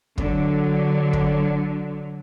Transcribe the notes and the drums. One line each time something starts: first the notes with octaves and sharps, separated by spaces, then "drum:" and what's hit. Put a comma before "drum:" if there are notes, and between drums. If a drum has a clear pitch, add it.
D3 F#3, drum: kick
drum: kick